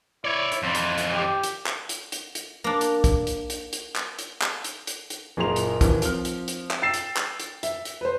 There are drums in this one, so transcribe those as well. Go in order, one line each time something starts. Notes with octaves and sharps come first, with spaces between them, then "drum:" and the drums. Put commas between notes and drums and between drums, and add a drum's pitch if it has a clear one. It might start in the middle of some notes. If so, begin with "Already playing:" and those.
E4 C#5 D5
drum: hi-hat
F2 E3 C5
drum: hi-hat
drum: hi-hat
G4
drum: hi-hat
drum: clap
drum: hi-hat
drum: hi-hat
drum: hi-hat
A#3 D4
drum: hi-hat
drum: kick, hi-hat
drum: hi-hat
drum: hi-hat
drum: hi-hat
drum: clap
drum: hi-hat
drum: clap
drum: hi-hat
drum: hi-hat
drum: hi-hat
F#1 A#2 G#4 A#4 C6 F7
drum: hi-hat
D#2 E3, drum: kick, hi-hat
F3 C4 F6, drum: hi-hat
drum: hi-hat
drum: hi-hat
drum: clap
G5 E6 A6 C7 E7
drum: hi-hat
drum: clap
drum: hi-hat
E5, drum: hi-hat
drum: hi-hat
B4 C5